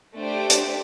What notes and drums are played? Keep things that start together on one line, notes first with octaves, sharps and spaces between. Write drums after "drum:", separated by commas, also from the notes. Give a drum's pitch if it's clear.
A3 D4 G4 C5
drum: hi-hat